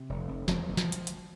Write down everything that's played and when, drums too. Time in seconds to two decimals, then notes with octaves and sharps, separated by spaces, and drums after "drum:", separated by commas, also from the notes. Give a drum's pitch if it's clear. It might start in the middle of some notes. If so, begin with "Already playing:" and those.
Already playing: C3
0.09 F1
0.28 F1
0.48 E1 F3, drum: snare
0.68 E1
0.77 F3, drum: snare
0.92 drum: hi-hat
1.07 drum: hi-hat